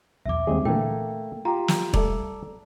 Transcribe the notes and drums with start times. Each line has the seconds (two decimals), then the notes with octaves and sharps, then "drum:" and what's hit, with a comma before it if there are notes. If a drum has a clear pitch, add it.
0.26 B1 E2 E5 D6
0.47 D#2 G3 G#3 C4 G#4
0.65 A#2 D3 E3 A3 A#3 G5
1.45 F4 G4 A#5
1.68 drum: snare
1.94 G3 A3 A4 D5, drum: kick E1